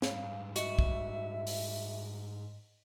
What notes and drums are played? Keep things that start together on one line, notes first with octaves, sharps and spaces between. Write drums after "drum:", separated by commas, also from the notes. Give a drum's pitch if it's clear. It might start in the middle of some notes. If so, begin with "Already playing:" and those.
G#2 G3 F5, drum: snare
F#4 D#5 E5, drum: hi-hat
drum: kick
drum: open hi-hat